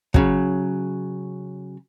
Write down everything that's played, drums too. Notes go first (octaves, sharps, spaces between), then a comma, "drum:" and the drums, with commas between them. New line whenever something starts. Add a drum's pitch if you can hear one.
C#3 F#3, drum: kick